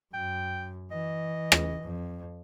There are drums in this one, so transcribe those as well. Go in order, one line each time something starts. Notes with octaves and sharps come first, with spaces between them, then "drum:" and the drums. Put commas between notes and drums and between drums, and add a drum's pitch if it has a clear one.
F#2 G5
E3 D#5
drum: rim click
F2